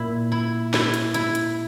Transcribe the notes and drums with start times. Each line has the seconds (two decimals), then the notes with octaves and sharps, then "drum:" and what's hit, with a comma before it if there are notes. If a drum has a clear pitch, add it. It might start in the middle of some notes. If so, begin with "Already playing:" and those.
Already playing: A#2 E4
0.32 E4
0.74 E4, drum: snare
0.94 drum: hi-hat
1.14 E4, drum: hi-hat
1.35 drum: hi-hat